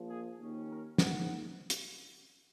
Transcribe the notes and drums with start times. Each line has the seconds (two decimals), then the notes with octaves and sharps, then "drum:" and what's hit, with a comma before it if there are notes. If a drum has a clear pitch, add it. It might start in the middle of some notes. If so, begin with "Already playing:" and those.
Already playing: A#1 A#2 F3
0.09 G#4
0.39 D#2 D#3 A#3 C#4
0.69 A#4
0.98 G#2 D#3 A#3 F#5, drum: snare
1.70 drum: hi-hat